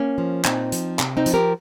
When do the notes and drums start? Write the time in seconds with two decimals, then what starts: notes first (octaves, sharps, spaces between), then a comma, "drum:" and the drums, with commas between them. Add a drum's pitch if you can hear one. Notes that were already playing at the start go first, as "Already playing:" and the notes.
Already playing: A#3 C#4
0.18 F3
0.45 A#2 C4 D#4, drum: clap
0.72 F3, drum: hi-hat
0.99 C3, drum: clap
1.17 C4 D#4
1.26 F3, drum: hi-hat
1.34 G4 A#4